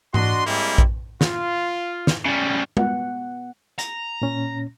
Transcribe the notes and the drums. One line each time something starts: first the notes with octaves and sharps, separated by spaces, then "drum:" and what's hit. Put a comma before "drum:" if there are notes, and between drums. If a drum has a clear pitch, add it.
D4 F#4 D#5 C6, drum: tom G#2
G3 G#3 A#3 C4 E4
drum: kick A#1
F4, drum: snare
drum: snare
C#3 G3
B3 F#5, drum: tom G#3
A#5, drum: hi-hat
A#2 C#4